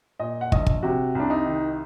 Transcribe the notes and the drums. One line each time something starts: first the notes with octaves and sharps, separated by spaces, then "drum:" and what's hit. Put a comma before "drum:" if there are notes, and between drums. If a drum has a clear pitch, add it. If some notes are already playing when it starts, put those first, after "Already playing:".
A#2 D#5
F#5
A#1 D#5, drum: kick
drum: kick
C3 F#4
C2 D4
D#4
D#3